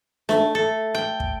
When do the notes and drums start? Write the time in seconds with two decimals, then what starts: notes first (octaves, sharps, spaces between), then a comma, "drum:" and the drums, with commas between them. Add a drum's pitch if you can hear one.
0.29 A3, drum: snare D4
0.55 A4
0.95 G5
1.20 drum: kick